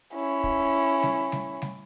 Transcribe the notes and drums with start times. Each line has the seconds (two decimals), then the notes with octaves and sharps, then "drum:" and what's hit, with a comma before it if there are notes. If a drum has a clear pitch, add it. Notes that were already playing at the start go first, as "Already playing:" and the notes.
0.14 C#4 E4
0.44 drum: kick
1.03 drum: snare G3
1.32 drum: snare G3
1.62 drum: snare G3